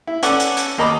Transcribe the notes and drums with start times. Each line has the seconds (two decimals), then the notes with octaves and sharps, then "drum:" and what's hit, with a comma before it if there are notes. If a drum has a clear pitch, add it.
0.07 E4
0.23 C#4 A4 B4 D5 F#5, drum: hi-hat
0.40 drum: hi-hat
0.57 drum: hi-hat
0.78 D#2 A#3 D#5 A#5 B5 D6